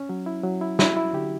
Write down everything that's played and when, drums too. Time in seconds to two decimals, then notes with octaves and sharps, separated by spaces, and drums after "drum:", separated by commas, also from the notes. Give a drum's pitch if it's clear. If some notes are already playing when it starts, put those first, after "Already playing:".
Already playing: C#4
0.09 F#3
0.26 E4
0.44 F#3
0.61 E4
0.79 E4 F#4, drum: snare
0.97 E4
1.13 D3 G4